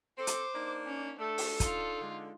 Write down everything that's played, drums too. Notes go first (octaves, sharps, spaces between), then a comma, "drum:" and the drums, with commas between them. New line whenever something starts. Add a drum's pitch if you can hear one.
C4 A4 C5 D6
drum: hi-hat
A#3 D4 D#4
C#4
A3 D4 A4
drum: open hi-hat
D#4 F4, drum: kick, hi-hat
D3 G#3